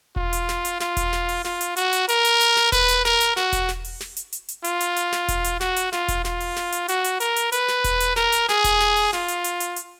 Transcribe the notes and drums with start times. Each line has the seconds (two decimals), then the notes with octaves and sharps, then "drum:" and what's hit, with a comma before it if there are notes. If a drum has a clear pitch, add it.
0.16 F4, drum: kick E1
0.33 drum: hi-hat
0.49 drum: snare
0.65 drum: hi-hat
0.80 F4, drum: snare
0.97 drum: kick E1, hi-hat
1.13 drum: snare
1.29 drum: open hi-hat
1.45 F4, drum: snare
1.61 drum: hi-hat
1.76 F#4, drum: hi-hat
1.93 drum: hi-hat
2.08 A#4, drum: hi-hat
2.25 drum: hi-hat
2.41 drum: hi-hat
2.57 drum: snare
2.72 B4, drum: kick E1, hi-hat
2.89 drum: hi-hat
3.05 A#4, drum: snare
3.21 drum: hi-hat
3.37 F#4, drum: snare
3.53 drum: kick E1, hi-hat
3.69 drum: snare
3.85 drum: open hi-hat
4.01 drum: snare
4.16 drum: hi-hat
4.32 drum: hi-hat
4.48 drum: hi-hat
4.64 F4, drum: hi-hat
4.80 drum: hi-hat
4.96 drum: hi-hat
5.12 drum: snare
5.28 drum: kick E1, hi-hat
5.44 drum: hi-hat
5.60 F#4, drum: snare
5.76 drum: hi-hat
5.93 F4, drum: snare
6.08 drum: kick E1, hi-hat
6.25 F4, drum: snare
6.40 drum: open hi-hat
6.56 drum: snare
6.72 drum: hi-hat
6.88 F#4, drum: hi-hat
7.04 drum: hi-hat
7.20 A#4, drum: hi-hat
7.36 drum: hi-hat
7.52 B4, drum: hi-hat
7.68 drum: snare
7.84 drum: kick E1, hi-hat
8.00 drum: hi-hat
8.16 A#4, drum: snare
8.32 drum: hi-hat
8.49 G#4, drum: snare
8.64 drum: kick E1, hi-hat
8.80 drum: snare
8.96 drum: open hi-hat
9.13 F4, drum: snare
9.28 drum: hi-hat
9.44 drum: hi-hat
9.60 drum: hi-hat
9.76 drum: hi-hat